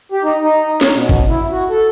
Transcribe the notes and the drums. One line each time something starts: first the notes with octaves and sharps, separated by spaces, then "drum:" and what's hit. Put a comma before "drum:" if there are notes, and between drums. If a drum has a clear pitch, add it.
G4
D#4
D#4
C#5, drum: snare
B2
drum: kick
E4
F#4
A4